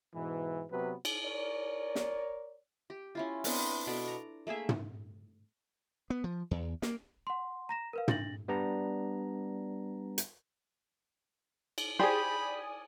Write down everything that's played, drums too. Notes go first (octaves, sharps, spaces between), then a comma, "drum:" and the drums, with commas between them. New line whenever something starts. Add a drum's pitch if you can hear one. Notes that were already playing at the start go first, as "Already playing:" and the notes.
G#2 B2 E3
C3 F#3 B3 B4
drum: cymbal
A#4 C#5 D5
drum: snare
G4
C#4 E4 F4
B3 C4 D4, drum: open hi-hat
B2 B3 A4 D5
A#5
A3 A#3 G#4 E5
drum: tom
B3
F3
E2
A#3, drum: snare
F#5 C6
A#5 A#6 E7
A#4 B4 F5
D4 A6 A#6 F#7, drum: tom
G3 B3 D4 A#5
drum: hi-hat
drum: cymbal
G4 G#4 C5 D5 G#5 B5 D#6